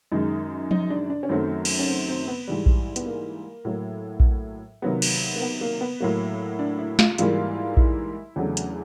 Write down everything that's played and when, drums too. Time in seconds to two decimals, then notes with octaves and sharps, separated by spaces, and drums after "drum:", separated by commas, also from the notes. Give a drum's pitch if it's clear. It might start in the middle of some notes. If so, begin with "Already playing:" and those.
0.12 F#2 D#3 G#3 D#4
0.71 D#4, drum: tom F3
0.90 D4
1.10 D4
1.23 C#4
1.29 F#2 D#3 F#3 A3 C4
1.65 drum: cymbal
1.79 C#4
1.88 C4
2.08 C4
2.28 B3
2.48 G#2 E3 G3
2.66 drum: kick A#1
2.96 B3, drum: hi-hat
3.06 A#3
3.65 A2 F#3 A#3
4.20 drum: kick A#1
4.82 C3 D#3 F#3 A#3 B3
5.02 drum: cymbal
5.36 A#3
5.42 B3
5.61 A#3
5.81 B3
6.00 A2 F#3 A#3
6.59 D4
6.79 E4
6.99 F4, drum: snare
7.18 G#2 E3 G3 A#3 F4, drum: hi-hat
7.77 E4, drum: kick A#1
8.36 E2 C#3 F#3 A3 D4
8.57 drum: hi-hat